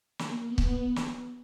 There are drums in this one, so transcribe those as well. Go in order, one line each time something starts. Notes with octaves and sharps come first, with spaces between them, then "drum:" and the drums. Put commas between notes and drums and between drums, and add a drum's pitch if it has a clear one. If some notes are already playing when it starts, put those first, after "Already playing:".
A#3, drum: snare
B3
drum: kick
drum: snare